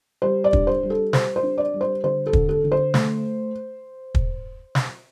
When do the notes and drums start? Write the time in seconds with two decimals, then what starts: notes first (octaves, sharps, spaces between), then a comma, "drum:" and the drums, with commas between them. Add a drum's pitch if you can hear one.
0.22 G3 C5
0.44 D5
0.53 D4, drum: kick
0.67 C5
0.83 G3
0.90 A4
1.13 G3 C5, drum: snare
1.36 C5
1.43 D4
1.58 D5
1.74 G3
1.81 C5
2.04 D3 C5
2.27 A4
2.33 D3, drum: kick
2.49 A4
2.64 D3
2.72 C5
2.94 A3, drum: snare
4.15 drum: kick
4.75 drum: snare